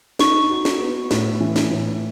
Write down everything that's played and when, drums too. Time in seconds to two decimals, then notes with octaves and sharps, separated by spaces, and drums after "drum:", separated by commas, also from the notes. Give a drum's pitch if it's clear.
0.19 D#4 C#6, drum: snare
0.50 F#4
0.65 drum: snare
0.81 B3
1.11 A2, drum: snare
1.40 E3
1.56 drum: snare
1.71 A2